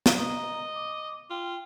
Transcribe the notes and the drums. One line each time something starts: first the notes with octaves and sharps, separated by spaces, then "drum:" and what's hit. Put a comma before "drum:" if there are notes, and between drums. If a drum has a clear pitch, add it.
drum: snare
D#5 A#5
D6
F4 G5